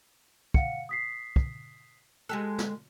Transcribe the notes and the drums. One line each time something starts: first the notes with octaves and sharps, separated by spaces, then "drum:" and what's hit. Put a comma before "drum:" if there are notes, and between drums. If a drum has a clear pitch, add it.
F5 F#5 C#7, drum: kick
D#6 B6 C7
drum: kick
G#3 G4 A4 F#6
drum: snare